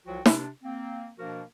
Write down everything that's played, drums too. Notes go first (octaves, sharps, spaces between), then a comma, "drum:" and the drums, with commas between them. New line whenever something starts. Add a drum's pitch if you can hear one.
C2 F3 F#3 F4 F#4 G5
C3 D4, drum: snare
A#3 C4
B2 F3 A#3 D4 F#4 A#4